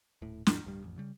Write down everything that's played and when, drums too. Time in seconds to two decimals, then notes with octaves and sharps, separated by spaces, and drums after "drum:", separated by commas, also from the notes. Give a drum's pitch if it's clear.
0.22 D#1 A2
0.47 D#2 G#2 F3 G#3, drum: snare
0.65 D1 G2 G3
0.83 A1 F2
0.98 C#3 G3